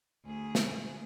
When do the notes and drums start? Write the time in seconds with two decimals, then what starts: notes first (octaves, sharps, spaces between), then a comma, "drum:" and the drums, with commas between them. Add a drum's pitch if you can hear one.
0.24 D2 G#4
0.55 drum: snare